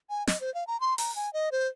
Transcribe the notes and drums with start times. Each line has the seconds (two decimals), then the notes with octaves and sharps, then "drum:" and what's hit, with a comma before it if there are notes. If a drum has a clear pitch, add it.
0.10 G#5
0.27 D#5, drum: snare
0.41 C5
0.54 F5
0.67 A#5
0.80 C6
0.98 A#5, drum: open hi-hat
1.16 G#5
1.33 D#5
1.52 C5